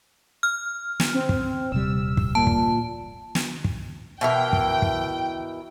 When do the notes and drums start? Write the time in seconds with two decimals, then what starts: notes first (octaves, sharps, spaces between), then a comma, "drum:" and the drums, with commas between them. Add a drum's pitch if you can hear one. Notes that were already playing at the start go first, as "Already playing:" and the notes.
0.43 F6
1.00 drum: snare
1.14 C4
1.29 drum: kick
1.72 D#1 C3 G3 E6
2.17 drum: kick
2.35 A#2 A5
2.47 drum: kick
3.35 drum: snare
3.64 drum: kick
4.21 B2 E3 A#4 G5
4.53 drum: kick
4.82 drum: kick